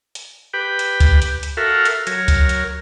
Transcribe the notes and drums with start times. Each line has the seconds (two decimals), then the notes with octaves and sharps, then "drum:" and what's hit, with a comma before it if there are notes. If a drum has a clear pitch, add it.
0.15 drum: hi-hat
0.54 G4 B4 G5 B5
0.79 drum: hi-hat
1.00 drum: kick C#2, hi-hat
1.22 drum: hi-hat
1.43 drum: hi-hat
1.57 F#4 A4 A#4 E5 F5
1.85 drum: hi-hat
2.07 F#3 A#4 C#5, drum: hi-hat
2.28 drum: kick C#2, hi-hat
2.49 drum: hi-hat